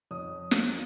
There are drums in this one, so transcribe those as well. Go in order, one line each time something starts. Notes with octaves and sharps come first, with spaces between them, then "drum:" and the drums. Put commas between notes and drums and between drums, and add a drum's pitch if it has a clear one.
F2 C#5 D#6
drum: snare